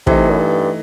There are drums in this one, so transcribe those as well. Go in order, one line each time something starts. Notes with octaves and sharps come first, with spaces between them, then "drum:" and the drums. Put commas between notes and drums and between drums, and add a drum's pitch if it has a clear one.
C3 E3 A3 D#4, drum: kick
F#2
G2